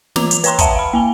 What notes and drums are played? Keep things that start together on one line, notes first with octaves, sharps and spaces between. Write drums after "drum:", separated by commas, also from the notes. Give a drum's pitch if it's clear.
E3 F4 A#5 D6 F7, drum: snare
drum: hi-hat
B4 C#5 G5 A#5 C6, drum: hi-hat
E5 F#5 G5 A5 A#5, drum: kick, hi-hat
F5 B5
A#3 G#5 G7